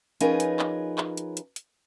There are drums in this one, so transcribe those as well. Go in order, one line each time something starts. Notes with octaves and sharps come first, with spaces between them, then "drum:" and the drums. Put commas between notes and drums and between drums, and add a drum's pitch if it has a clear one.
F3 C#4 D#4 G#4 A#4 B4, drum: hi-hat
drum: hi-hat
drum: clap
drum: clap
drum: hi-hat
drum: hi-hat
drum: hi-hat